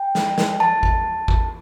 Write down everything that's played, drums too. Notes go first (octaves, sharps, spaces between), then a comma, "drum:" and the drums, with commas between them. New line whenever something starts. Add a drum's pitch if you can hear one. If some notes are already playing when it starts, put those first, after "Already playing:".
Already playing: G5
drum: snare
drum: snare
A5
drum: kick G#1
drum: kick G#1